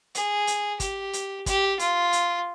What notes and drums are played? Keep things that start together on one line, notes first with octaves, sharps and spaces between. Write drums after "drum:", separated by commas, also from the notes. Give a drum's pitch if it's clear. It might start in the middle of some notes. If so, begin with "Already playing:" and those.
G#4, drum: hi-hat
drum: hi-hat
G4, drum: kick, hi-hat
drum: hi-hat
G4, drum: kick, hi-hat
F4, drum: hi-hat
drum: hi-hat